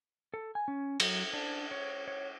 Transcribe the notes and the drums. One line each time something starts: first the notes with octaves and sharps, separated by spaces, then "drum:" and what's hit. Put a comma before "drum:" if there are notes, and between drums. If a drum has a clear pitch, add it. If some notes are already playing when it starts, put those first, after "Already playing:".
A4
G#5
C#4
F#3, drum: cymbal
D4
C#5
C#5